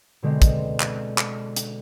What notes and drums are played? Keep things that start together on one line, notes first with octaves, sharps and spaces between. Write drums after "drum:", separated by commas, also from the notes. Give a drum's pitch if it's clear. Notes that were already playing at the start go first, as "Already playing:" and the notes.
B2 D3 G#3 C4
drum: kick, hi-hat
drum: clap
drum: clap
drum: hi-hat